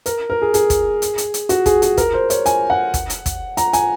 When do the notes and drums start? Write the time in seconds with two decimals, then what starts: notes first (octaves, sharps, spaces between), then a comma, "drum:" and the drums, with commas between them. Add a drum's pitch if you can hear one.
0.06 A#4, drum: hi-hat
0.30 A#4
0.42 G#4
0.54 G#4, drum: hi-hat
0.70 drum: kick, hi-hat
1.02 drum: hi-hat
1.18 drum: hi-hat
1.34 drum: hi-hat
1.49 F#4, drum: hi-hat
1.66 G#4, drum: kick, hi-hat
1.82 G#4, drum: hi-hat
1.97 A#4, drum: kick, hi-hat
2.13 C5
2.30 C#5, drum: hi-hat
2.46 G#5, drum: hi-hat
2.70 F#5
2.94 drum: kick, hi-hat
3.10 drum: hi-hat
3.26 drum: kick, hi-hat
3.57 A#5, drum: hi-hat
3.73 G#5, drum: hi-hat